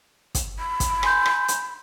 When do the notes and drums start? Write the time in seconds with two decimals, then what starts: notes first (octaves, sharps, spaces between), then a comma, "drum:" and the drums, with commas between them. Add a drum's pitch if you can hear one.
0.35 drum: kick, hi-hat
0.59 B5
0.80 drum: kick, hi-hat
1.03 G#5 C6 G6, drum: rim click
1.26 drum: rim click
1.48 drum: hi-hat